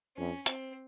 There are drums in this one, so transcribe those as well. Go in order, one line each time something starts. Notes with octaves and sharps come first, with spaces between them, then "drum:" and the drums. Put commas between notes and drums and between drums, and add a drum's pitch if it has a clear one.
F2 C#4
C4, drum: hi-hat